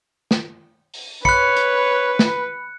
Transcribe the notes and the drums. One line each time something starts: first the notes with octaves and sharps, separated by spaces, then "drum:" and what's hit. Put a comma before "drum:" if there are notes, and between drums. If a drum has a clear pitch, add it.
drum: snare
drum: open hi-hat
B4 C#5 B5 F#6 C#7, drum: kick
drum: hi-hat
drum: snare